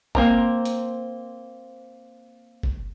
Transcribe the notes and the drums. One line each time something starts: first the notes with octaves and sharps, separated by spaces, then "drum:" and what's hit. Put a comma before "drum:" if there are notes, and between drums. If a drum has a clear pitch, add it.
A#3 C4 A#5, drum: kick
drum: hi-hat
drum: kick